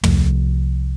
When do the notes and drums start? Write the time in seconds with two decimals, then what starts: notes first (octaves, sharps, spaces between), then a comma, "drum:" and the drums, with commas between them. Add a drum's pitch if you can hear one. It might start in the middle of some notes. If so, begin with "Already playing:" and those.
0.03 C2 F3 A3, drum: tom